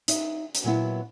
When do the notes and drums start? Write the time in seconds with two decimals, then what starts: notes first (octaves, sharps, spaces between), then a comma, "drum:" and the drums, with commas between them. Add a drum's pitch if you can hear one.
0.08 D#4 E5, drum: hi-hat
0.55 drum: hi-hat
0.64 A#2 F#3 B3 E4